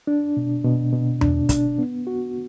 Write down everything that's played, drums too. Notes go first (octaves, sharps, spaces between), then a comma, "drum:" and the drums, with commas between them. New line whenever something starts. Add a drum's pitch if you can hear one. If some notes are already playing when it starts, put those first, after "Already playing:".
D4
B2
B2
B2
D4, drum: tom E2
D4, drum: kick, hi-hat
B3
F#4